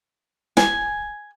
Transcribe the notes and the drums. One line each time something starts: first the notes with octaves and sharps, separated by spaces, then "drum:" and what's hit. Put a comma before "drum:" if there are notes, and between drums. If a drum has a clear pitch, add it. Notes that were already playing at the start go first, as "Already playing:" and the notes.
G#5, drum: snare